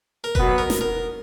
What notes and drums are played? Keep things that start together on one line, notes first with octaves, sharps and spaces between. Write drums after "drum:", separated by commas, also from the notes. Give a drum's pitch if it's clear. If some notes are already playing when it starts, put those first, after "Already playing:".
A#4
B2 F#3 B3 B4, drum: kick F1
A#4
drum: snare
A#4